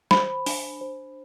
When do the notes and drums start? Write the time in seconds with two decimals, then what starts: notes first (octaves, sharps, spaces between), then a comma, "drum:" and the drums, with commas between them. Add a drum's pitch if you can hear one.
0.11 C5 B5, drum: snare
0.46 D4, drum: open hi-hat
0.81 C5